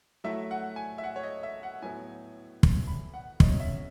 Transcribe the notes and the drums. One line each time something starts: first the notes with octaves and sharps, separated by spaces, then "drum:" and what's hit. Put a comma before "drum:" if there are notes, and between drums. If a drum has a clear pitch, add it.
F#3 A3 E4 E5
F#5
G#5
E5
F#5
C#5
D#5
E5
F#5
A2 F#3 B3 E4 G#5
drum: kick
B5
F#5
B2 F#3 C#4 E4 D#5, drum: kick
E5